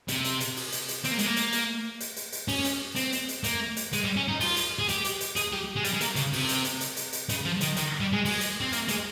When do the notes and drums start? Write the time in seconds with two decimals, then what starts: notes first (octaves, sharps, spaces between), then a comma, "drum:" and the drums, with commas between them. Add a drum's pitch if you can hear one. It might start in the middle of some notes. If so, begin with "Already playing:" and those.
0.08 C3, drum: hi-hat
0.24 drum: hi-hat
0.40 drum: hi-hat
0.56 drum: open hi-hat
0.72 drum: hi-hat
0.88 drum: hi-hat
1.04 C4, drum: hi-hat
1.11 A#3
1.19 G#3, drum: hi-hat
1.26 A#3
1.36 drum: hi-hat
1.52 drum: hi-hat
2.00 drum: hi-hat
2.16 drum: hi-hat
2.32 drum: hi-hat
2.48 C#4, drum: open hi-hat
2.64 drum: hi-hat
2.96 C4, drum: hi-hat
3.12 drum: hi-hat
3.28 drum: hi-hat
3.44 A#3, drum: hi-hat
3.77 drum: hi-hat
3.93 G#3, drum: hi-hat
4.04 G3
4.16 C#4
4.28 D#4
4.40 F4, drum: open hi-hat
4.57 drum: hi-hat
4.79 G#4
4.89 G4, drum: hi-hat
5.05 drum: hi-hat
5.21 drum: hi-hat
5.36 G#4, drum: hi-hat
5.53 G4
5.76 G#3
5.84 G3, drum: hi-hat
5.94 G#3
6.01 A#3, drum: hi-hat
6.16 C#3, drum: hi-hat
6.33 C3, drum: open hi-hat
6.49 drum: hi-hat
6.65 drum: hi-hat
6.81 drum: hi-hat
6.97 drum: hi-hat
7.13 drum: hi-hat
7.29 C#3, drum: hi-hat
7.45 F3
7.61 D#3, drum: hi-hat
7.76 D#3, drum: hi-hat
8.00 G3
8.13 G#3
8.25 G#3, drum: open hi-hat
8.41 drum: hi-hat
8.61 C4
8.72 A#3, drum: hi-hat
8.88 G#3, drum: hi-hat